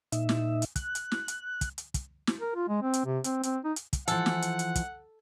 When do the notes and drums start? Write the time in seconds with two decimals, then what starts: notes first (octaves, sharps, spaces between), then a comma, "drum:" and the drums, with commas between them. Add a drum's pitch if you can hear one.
0.12 A#2 D#4 E5, drum: hi-hat
0.29 drum: snare
0.62 drum: hi-hat
0.76 F#6, drum: kick, hi-hat
0.95 drum: hi-hat
1.12 drum: snare
1.28 drum: hi-hat
1.61 drum: kick, hi-hat
1.78 drum: hi-hat
1.94 drum: kick, hi-hat
2.27 drum: snare
2.41 A#4
2.55 F4
2.69 G#3
2.82 C4
2.94 drum: hi-hat
3.06 C3
3.24 C4, drum: hi-hat
3.43 C4, drum: hi-hat
3.65 D#4
3.76 drum: hi-hat
3.93 drum: kick, hi-hat
4.08 E3 F3 A4 F#5, drum: hi-hat
4.26 drum: snare
4.42 drum: hi-hat
4.59 drum: hi-hat
4.75 drum: kick, hi-hat